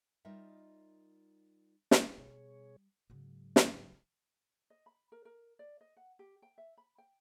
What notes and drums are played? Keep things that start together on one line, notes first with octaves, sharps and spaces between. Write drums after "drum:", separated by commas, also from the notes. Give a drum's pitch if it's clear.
G3 D#4 F4 A#4 D#5 E5
drum: snare
B2 G3 G#4 C#5
G#2 C#3 F#3
drum: snare
D#5
B5
A#4
A#4
D5
D#5
F#5
G4
G5
E5
B5
G5